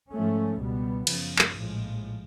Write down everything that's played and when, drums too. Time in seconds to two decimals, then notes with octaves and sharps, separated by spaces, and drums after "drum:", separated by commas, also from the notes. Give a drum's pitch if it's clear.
0.11 G#2 F3 A3 C#4
0.59 C#2 B2 G3 B3
1.07 F#2 C#3 F3, drum: cymbal
1.39 drum: clap
1.55 A#1 A2 F3 G#3